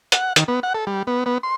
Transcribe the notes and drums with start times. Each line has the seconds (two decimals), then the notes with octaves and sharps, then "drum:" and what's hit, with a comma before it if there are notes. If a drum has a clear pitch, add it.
0.12 F#5, drum: hi-hat
0.36 D#3, drum: hi-hat
0.48 B3
0.63 F#5
0.74 A4
0.87 G3
1.07 B3
1.26 B3
1.43 C6